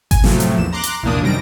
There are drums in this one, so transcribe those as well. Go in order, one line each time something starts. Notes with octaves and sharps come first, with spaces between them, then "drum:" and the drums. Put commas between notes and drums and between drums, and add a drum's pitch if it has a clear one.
G#5, drum: kick G#1, hi-hat
A2 C3 F3 F#3 A3, drum: snare
drum: hi-hat
A#1 E2 E7
A#5 C6 D6 F#6
drum: hi-hat
A#1 E2 C3 A#3 D4 D#6
F#2 C3 D#3 G3 A#6 D7